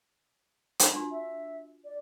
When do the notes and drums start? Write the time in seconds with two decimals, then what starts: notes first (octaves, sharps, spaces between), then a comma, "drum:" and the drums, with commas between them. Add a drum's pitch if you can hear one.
0.79 drum: hi-hat
0.94 D4 F4 F#4
1.11 E5
1.85 D5